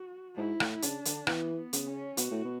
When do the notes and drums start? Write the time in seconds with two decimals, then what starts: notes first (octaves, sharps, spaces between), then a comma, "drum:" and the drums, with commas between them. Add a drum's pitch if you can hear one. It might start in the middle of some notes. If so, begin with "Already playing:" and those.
Already playing: F#4
0.37 G#2 E4
0.60 A2, drum: rim click
0.82 C#3 D4, drum: hi-hat
1.05 D3, drum: hi-hat
1.27 E3 B3, drum: rim click
1.57 B3
1.73 C#3, drum: hi-hat
1.88 C#4
2.17 B2 F#4, drum: hi-hat
2.31 A2
2.45 B2